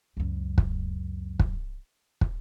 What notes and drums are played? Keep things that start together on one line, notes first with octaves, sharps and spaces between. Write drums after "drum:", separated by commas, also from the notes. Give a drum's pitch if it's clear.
C#2 F#2
drum: kick
drum: kick
drum: kick